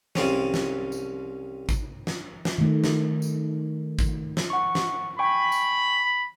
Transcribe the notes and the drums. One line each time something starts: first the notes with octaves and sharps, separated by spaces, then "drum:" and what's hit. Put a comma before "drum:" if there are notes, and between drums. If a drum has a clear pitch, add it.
C2 C#3 C4 C#4, drum: snare
drum: snare
drum: tambourine
drum: kick, tambourine
drum: snare
drum: snare
D#3 A3
drum: snare
drum: tambourine
drum: kick, tambourine
drum: snare
F#5 C#6
drum: snare
G5 G#5 B5 C#6
drum: tambourine